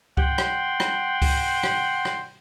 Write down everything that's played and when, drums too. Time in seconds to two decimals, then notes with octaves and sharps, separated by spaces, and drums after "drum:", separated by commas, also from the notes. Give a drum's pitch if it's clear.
0.17 F#5 G5 C6, drum: kick C#2
0.38 drum: rim click
0.80 drum: rim click
1.22 drum: kick C#2, open hi-hat
1.63 drum: rim click
2.05 drum: rim click